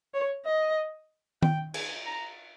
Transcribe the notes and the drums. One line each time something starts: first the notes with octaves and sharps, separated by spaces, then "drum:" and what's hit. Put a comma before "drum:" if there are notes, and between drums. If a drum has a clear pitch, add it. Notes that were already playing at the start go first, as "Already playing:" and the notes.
C#5
D#5
G5, drum: tom D#3
G#5, drum: cymbal
A#5